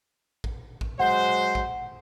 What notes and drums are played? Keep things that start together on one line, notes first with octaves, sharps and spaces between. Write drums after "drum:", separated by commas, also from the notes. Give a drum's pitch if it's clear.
drum: kick A1
drum: kick A1
F#3 G#3 C5 F#5
drum: kick A1